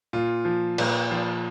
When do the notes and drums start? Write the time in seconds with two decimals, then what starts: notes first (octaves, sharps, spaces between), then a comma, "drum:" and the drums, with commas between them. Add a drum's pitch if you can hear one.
0.13 A#2 F4
0.45 F3
0.78 A#2, drum: cymbal
1.11 F3